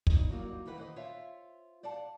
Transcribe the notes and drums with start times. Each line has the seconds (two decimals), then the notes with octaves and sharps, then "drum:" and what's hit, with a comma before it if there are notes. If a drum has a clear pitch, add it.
0.07 E2 D#4 D#5, drum: kick
0.30 F#3 G3 A#3 D#4 F4 F#4
0.66 D#2 D#3 E3 B4 D5 F#5
0.78 B4 C5 D#5
0.96 F4 C5 C#5 E5 F5
1.83 C5 D5 F5 F#5 A5